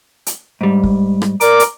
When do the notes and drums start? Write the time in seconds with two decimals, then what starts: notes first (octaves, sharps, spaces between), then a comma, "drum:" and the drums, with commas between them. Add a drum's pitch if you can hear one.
0.26 drum: hi-hat
0.61 G#2 G3
0.84 drum: kick
1.22 drum: rim click
1.41 A#4 D5 D6, drum: hi-hat
1.60 drum: hi-hat